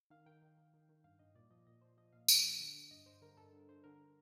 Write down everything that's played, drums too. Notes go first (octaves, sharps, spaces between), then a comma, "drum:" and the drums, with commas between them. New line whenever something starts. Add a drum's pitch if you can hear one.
D#3 F5
D#3 G5
D#3
D#3
D#3
D#3
G2 F5
G2 D#5
A#2 D5
F3 D#5
A#2 D#5
F3 C5
F3 D#5
A#2 F5
F3, drum: tambourine
A#2
D3
D3
G2 D#5
G2 C5
D3 A#4
G2 A4
D3
G2 C5
D3 A#4